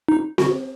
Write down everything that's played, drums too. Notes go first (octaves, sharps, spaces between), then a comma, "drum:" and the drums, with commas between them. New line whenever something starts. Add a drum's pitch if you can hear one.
D#4
F#4, drum: snare C4